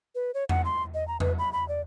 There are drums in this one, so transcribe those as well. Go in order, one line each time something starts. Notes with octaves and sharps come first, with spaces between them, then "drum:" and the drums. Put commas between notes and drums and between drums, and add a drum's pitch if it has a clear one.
B4
C#5
F#5, drum: tom E2
C6
D#5
A#5
B4, drum: tom E2
B5
B5
D5